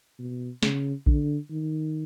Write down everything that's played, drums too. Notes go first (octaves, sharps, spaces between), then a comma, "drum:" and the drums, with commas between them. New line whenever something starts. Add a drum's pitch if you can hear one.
B2
C#3, drum: snare
D3, drum: kick A#1
D#3